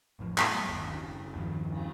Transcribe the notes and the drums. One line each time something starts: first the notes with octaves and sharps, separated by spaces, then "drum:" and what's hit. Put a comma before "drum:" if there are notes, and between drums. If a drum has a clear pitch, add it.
A1 F2 A2 F3
F#3 G3 A3 B3, drum: clap
G1 D#2
drum: cymbal
F#1
E2 G2 D#3 F3
drum: cymbal